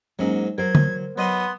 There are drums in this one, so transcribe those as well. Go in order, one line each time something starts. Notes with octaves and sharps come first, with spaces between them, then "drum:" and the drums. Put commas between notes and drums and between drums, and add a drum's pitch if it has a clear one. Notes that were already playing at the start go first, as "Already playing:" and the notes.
G#2 F#3 A#3 C#4
F#3 A#4 C5 G#6
drum: tom D3
F#3 B3 D#5 C6